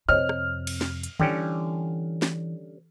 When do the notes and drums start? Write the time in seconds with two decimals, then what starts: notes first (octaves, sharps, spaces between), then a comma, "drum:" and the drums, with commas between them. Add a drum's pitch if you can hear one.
0.09 F2 C3 C5 C#5 D#5 F6
0.29 drum: rim click
0.67 drum: cymbal
0.81 drum: snare
1.03 drum: hi-hat
1.20 D3 E3 G3 C#4 G5, drum: tom D3
2.22 drum: snare